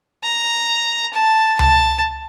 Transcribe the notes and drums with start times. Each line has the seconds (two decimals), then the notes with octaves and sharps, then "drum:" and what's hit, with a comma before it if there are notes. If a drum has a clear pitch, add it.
0.24 A#5
1.13 A5
1.59 A5, drum: tom C#2